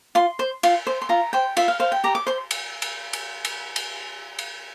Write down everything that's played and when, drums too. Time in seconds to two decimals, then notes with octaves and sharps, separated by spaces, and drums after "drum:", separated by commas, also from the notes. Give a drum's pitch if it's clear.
0.15 F4 C6
0.39 C5
0.63 F4, drum: cymbal
0.87 C5
1.02 C6
1.09 F4 A#5
1.33 C5 G5
1.57 F4 E5, drum: cymbal
1.68 F5
1.80 C5 F5
1.92 G5
2.04 G4 A#5
2.15 D6
2.27 C5 C6
2.51 drum: cymbal
2.82 drum: cymbal
3.13 drum: cymbal
3.45 drum: cymbal
3.76 drum: cymbal
4.39 drum: cymbal